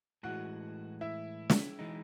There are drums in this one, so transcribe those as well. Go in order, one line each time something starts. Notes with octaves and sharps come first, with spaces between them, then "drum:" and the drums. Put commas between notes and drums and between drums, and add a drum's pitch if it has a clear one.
A2 E3 G#3 F#4 F#5
E4 E5
drum: snare
E3 G#3 D#4